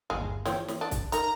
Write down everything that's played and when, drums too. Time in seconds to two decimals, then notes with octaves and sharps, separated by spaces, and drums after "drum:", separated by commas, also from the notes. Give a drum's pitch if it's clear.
0.10 G1 D#2 G#3 F5
0.45 E3 F3 C4 C#5, drum: snare
0.68 drum: snare
0.81 D4
0.91 drum: kick, hi-hat
1.12 D#4 A#4 A#5, drum: hi-hat